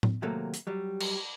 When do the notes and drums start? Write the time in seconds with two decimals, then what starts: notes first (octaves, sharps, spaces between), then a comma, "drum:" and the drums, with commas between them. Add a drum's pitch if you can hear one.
0.03 drum: tom A2
0.22 D#2 C3 F#3 A3 A#3
0.54 drum: hi-hat
0.67 F#3 G3
1.00 drum: cymbal